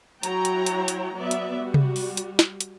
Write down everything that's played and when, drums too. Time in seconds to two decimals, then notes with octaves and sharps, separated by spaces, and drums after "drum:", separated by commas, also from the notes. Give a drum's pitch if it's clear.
0.23 F#3 E4 F#4 C#5 G5 A#5, drum: hi-hat
0.45 drum: hi-hat
0.66 drum: hi-hat
0.88 drum: hi-hat
1.15 F#3 B3 D5 E5
1.31 drum: hi-hat
1.58 G3 F#4
1.74 drum: tom C3
1.96 drum: open hi-hat
2.17 drum: hi-hat
2.39 drum: snare
2.60 drum: hi-hat